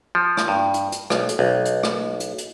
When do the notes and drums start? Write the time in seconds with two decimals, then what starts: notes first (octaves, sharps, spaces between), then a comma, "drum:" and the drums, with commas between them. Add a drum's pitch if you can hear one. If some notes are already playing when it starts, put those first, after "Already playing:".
0.15 F3
0.37 drum: rim click
0.48 G2
0.74 drum: hi-hat
0.92 drum: hi-hat
1.10 B1, drum: rim click
1.29 drum: hi-hat
1.39 B1
1.65 drum: hi-hat
1.83 drum: rim click
2.20 drum: hi-hat
2.38 drum: hi-hat